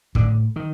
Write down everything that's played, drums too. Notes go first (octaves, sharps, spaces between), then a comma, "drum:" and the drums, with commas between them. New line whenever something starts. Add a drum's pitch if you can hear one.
A2 D3, drum: kick
D#3